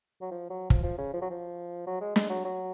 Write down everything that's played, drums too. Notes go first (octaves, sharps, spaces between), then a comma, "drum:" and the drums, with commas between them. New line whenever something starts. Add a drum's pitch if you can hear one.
F#3
F3
F#3
F3, drum: kick
F3
C#3
F3
F#3
F3
F#3
G#3
G#3, drum: snare
F#3
F#3